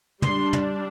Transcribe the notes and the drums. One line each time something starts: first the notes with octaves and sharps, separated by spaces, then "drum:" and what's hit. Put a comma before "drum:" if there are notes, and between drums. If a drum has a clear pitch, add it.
G3 D4 C6, drum: tom
drum: tom